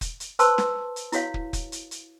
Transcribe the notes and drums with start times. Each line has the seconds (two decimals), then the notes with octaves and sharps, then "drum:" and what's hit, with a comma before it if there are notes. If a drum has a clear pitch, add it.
0.01 drum: kick, hi-hat
0.20 drum: hi-hat
0.39 B4 C5 A5 C6 E6, drum: hi-hat
0.58 drum: snare
0.96 drum: hi-hat
1.12 E4 F#4 C#5 F5, drum: hi-hat
1.34 drum: kick
1.53 drum: kick, hi-hat
1.72 drum: hi-hat
1.91 drum: hi-hat